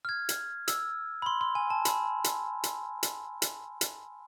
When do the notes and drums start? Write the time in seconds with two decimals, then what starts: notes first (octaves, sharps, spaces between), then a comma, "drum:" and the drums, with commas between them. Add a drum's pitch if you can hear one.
0.05 F6
0.09 G#6
0.29 drum: hi-hat
0.68 E6, drum: hi-hat
1.22 B5
1.26 C6
1.41 C6
1.55 G#5
1.70 A5
1.85 B5, drum: hi-hat
2.24 drum: hi-hat
2.64 drum: hi-hat
3.03 drum: hi-hat
3.42 drum: hi-hat
3.81 drum: hi-hat